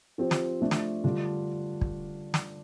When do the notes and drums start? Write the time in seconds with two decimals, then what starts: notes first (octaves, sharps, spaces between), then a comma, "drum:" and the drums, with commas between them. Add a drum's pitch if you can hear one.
0.18 F3 C4 G4
0.31 drum: snare
0.61 F3 A3 D4 F4
0.71 drum: snare
1.03 D3 G3 D4 F4
1.81 drum: kick
2.34 drum: snare